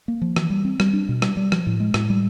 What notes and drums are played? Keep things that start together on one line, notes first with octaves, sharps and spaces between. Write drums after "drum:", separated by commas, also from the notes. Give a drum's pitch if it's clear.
A#3
F3
E3, drum: rim click
G3
C4
G3, drum: rim click
D4
B2
G3, drum: rim click
G3
F3, drum: rim click
A2
G#3
A2, drum: rim click
G3